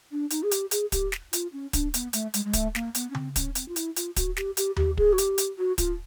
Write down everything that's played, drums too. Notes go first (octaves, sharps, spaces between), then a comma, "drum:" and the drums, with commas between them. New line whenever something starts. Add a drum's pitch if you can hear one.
D4
D#4, drum: hi-hat
G#4
G4, drum: hi-hat
G#4, drum: hi-hat
G4, drum: kick, hi-hat
drum: snare
F4, drum: hi-hat
C#4
D4, drum: kick, hi-hat
B3, drum: hi-hat
A3, drum: hi-hat
G#3, drum: hi-hat
G#3
A3, drum: kick, hi-hat
A#3, drum: snare
B3, drum: hi-hat
C#4
C4, drum: tom C#3
C#4, drum: kick, hi-hat
C4, drum: hi-hat
F4
E4, drum: hi-hat
F4, drum: hi-hat
F#4, drum: kick, hi-hat
G4, drum: snare
G4, drum: hi-hat
G4, drum: tom D#2
G#4, drum: kick
F#4
G4, drum: hi-hat
drum: hi-hat
F#4
F4, drum: kick, hi-hat